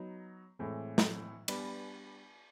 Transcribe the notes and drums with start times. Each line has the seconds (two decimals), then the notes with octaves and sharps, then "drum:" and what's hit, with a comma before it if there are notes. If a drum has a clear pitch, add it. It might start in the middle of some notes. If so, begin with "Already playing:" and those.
Already playing: F#3 B3 D#4
0.59 A2 E3 G#3 C4
0.98 drum: snare
1.48 G3 B3 D4, drum: cymbal